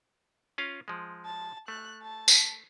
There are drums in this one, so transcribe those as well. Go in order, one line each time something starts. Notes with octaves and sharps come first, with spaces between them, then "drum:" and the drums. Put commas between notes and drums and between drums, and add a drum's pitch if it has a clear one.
C#4 F4 F5
F3 G#3
A5
A3 F#6
A5
drum: tambourine